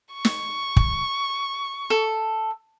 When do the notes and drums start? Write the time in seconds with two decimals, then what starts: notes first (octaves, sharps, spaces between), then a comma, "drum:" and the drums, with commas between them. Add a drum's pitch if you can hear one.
0.13 C#6
0.25 drum: snare
0.76 drum: kick
1.90 A4